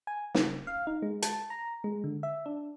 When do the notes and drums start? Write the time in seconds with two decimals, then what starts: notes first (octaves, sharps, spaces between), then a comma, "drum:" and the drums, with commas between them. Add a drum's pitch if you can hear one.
0.07 G#5
0.34 C#3, drum: snare
0.67 F5
0.87 D#4
1.02 G#3
1.22 A5, drum: hi-hat
1.50 A#5
1.84 G#3
2.04 D3
2.23 E5
2.46 D4